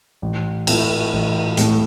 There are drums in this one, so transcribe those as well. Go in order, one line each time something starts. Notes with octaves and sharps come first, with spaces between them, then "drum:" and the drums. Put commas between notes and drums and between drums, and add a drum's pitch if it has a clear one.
A1
A2 A3, drum: cymbal
A1
A2 A3, drum: hi-hat